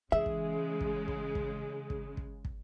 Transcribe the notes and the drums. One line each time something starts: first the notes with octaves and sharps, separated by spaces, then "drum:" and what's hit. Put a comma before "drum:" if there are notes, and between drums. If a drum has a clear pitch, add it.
C#3 E3 G#3 G#4 E5
drum: kick
drum: kick
drum: kick
drum: kick
drum: kick
drum: kick
drum: kick